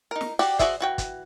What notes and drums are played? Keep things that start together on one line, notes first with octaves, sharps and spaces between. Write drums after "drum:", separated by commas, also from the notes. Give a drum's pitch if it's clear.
D#4 A#4
drum: snare
F#4 G4 D5 G5, drum: open hi-hat
F#4 G#4 C5 D5 E5, drum: kick, hi-hat
E3 F#4 G5
drum: kick, hi-hat